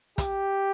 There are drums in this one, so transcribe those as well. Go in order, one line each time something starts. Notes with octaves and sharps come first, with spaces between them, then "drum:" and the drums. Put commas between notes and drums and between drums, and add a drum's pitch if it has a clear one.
G4, drum: kick, hi-hat